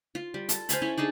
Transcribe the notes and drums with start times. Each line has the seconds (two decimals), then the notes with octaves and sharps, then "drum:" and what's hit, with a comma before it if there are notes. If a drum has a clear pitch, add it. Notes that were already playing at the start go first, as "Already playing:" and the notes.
0.15 F4
0.34 G3
0.49 A4, drum: hi-hat
0.69 C5 F5 G#5 B5, drum: hi-hat
0.82 C#4 E4 A4
0.98 D4 D#4 G#4 A4